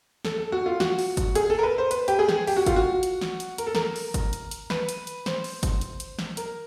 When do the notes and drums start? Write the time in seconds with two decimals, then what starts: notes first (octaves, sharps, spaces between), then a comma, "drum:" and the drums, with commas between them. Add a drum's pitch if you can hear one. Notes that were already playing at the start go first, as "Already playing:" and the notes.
0.25 A4, drum: snare
0.38 A4
0.52 F#4
0.66 F4
0.80 F#4, drum: snare
0.99 drum: open hi-hat
1.17 drum: kick G1, hi-hat
1.35 G#4, drum: hi-hat
1.50 A4
1.59 A#4
1.63 B4
1.78 C5
1.91 B4, drum: hi-hat
2.08 G4, drum: hi-hat
2.19 G#4
2.29 drum: snare
2.47 G4, drum: open hi-hat
2.57 F#4
2.66 F4, drum: kick G1, hi-hat
2.76 F#4
3.03 drum: hi-hat
3.21 drum: snare
3.40 drum: hi-hat
3.58 A#4, drum: hi-hat
3.67 A4
3.75 A#4, drum: snare
3.96 drum: open hi-hat
4.14 drum: kick G1, hi-hat
4.33 drum: hi-hat
4.51 drum: hi-hat
4.70 B4, drum: snare
4.89 drum: hi-hat
5.07 drum: hi-hat
5.26 C5, drum: snare
5.44 drum: open hi-hat
5.63 drum: kick G1, hi-hat
5.81 drum: hi-hat
6.00 drum: hi-hat
6.19 drum: snare
6.37 A#4, drum: hi-hat